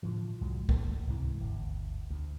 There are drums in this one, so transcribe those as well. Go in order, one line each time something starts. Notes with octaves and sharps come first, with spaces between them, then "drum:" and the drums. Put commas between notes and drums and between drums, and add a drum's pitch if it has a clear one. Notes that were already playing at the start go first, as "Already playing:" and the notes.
A2 D3 F3
C2 F#2 F#3 G#3
D1 A3 A#3, drum: kick
C#2 G#2 C3 E3
G1 D2
D2